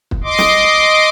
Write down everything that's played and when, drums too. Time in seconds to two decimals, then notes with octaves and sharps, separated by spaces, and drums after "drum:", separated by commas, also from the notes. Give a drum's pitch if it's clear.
0.11 drum: kick
0.24 D#5 C6 D6
0.38 drum: snare